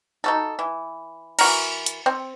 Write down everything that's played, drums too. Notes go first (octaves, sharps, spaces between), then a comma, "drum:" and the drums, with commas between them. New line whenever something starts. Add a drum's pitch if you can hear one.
D#4 F#4 A4
E3
E3 F#4 A#4, drum: cymbal
drum: hi-hat
C4